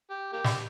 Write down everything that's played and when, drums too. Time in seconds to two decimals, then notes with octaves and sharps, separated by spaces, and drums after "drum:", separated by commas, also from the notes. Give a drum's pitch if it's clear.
0.10 G4
0.33 A#3 G4
0.44 drum: snare